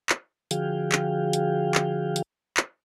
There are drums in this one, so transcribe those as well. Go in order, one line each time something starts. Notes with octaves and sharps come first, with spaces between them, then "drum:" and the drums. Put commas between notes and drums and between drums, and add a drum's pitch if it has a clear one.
drum: clap
D3 F3 F#4 G#4 F5 G5, drum: hi-hat
drum: clap
drum: hi-hat
drum: clap
drum: hi-hat
drum: clap